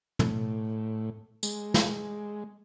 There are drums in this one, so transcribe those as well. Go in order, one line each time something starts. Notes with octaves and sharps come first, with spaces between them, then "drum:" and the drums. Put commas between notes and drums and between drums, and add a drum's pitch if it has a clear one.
A2, drum: tom
G#3, drum: tambourine
drum: snare